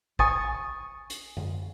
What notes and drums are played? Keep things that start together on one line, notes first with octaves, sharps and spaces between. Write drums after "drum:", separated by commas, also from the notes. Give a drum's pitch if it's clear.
G#5 C#6 D#6 A6, drum: kick
drum: hi-hat
drum: tom F#2